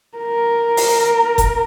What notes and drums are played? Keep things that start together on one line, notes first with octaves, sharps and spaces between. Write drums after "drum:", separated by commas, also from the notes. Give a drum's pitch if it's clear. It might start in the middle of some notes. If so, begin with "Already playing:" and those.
A#4
drum: open hi-hat
drum: kick F#1, hi-hat